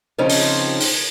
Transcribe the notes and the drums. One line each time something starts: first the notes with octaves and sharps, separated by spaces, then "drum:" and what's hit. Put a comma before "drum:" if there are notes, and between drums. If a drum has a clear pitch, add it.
C#3 F3 C4 C#4 D#4
drum: open hi-hat
drum: open hi-hat